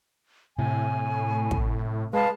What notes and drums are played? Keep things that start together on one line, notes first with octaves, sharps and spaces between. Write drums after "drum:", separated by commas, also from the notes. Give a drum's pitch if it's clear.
A2 C3 G#5
drum: kick
G#3 B4 F5 A5